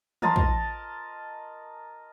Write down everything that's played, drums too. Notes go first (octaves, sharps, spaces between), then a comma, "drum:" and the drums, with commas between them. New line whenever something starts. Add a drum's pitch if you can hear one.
A#4 D#5 A5 C6, drum: tom
drum: kick